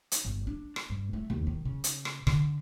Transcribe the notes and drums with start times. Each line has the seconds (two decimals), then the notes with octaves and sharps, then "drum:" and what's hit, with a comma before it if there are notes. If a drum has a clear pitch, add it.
0.12 drum: hi-hat
0.25 G1
0.47 D4
0.76 drum: rim click
0.90 G2
1.13 A3
1.30 D#2
1.47 D#3
1.65 C#3
1.84 drum: hi-hat
2.05 drum: rim click
2.27 D3, drum: rim click